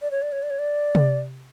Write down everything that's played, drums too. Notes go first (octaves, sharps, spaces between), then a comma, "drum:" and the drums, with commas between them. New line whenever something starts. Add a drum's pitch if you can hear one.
D5
C#5
D5
C#5
D5
C#5
D5
drum: tom C3